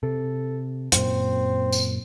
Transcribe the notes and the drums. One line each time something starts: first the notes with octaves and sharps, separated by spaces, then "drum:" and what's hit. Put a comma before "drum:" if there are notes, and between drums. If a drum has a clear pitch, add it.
C3 A4
F#2 A#2 C4, drum: hi-hat
drum: tambourine